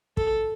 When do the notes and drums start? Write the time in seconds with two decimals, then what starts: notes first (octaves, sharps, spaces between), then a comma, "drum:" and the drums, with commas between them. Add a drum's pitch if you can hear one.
0.17 A4, drum: kick